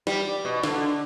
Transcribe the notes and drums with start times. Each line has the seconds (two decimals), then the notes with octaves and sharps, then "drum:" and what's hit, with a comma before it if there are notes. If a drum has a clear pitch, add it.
0.07 G3, drum: snare
0.45 B2
0.64 D3, drum: snare